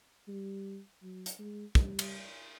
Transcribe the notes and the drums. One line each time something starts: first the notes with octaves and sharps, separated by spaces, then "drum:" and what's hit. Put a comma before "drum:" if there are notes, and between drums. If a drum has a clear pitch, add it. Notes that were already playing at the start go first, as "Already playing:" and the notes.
G3
F#3
drum: hi-hat
G#3
G3, drum: kick
drum: cymbal